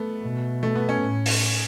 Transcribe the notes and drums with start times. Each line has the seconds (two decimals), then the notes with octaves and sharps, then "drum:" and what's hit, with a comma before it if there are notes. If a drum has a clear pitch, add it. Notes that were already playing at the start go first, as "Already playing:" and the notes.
Already playing: A3 B3
0.24 B2
0.63 A3
0.75 B3
0.89 C#4
1.01 A2
1.26 drum: open hi-hat